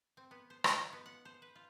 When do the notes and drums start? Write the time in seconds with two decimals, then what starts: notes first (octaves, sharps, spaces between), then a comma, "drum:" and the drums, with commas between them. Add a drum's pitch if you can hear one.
0.17 C4
0.31 B3
0.50 C5
0.64 D#4, drum: rim click
0.77 F4
0.93 B3
1.06 F#5
1.25 C5
1.42 B4
1.55 F4